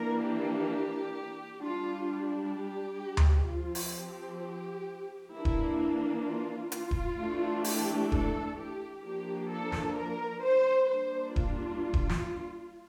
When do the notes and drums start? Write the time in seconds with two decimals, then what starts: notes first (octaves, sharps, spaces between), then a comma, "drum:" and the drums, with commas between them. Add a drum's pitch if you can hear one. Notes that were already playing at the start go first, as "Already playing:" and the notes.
Already playing: E3 A#3 D4 A#4
0.23 G4
1.62 G3 D4 F4
2.54 G4
3.17 drum: tom D2
3.47 F3 C4 F4
3.75 drum: open hi-hat
3.94 G4
5.33 E3 A#3 D4 E4
5.45 drum: kick D#1
6.26 F4
6.72 F4, drum: hi-hat
6.91 drum: kick D#1
7.19 E3 A3 D4
7.64 G4, drum: open hi-hat
8.12 A4, drum: kick D#1
8.58 G4
9.04 F3 A#3 D4 G4
9.50 A4
9.72 drum: snare
9.96 A#4
10.44 C5
10.89 G3 A#3 D4 C5
11.36 F4, drum: kick D#1
11.94 drum: kick D#1
12.10 drum: snare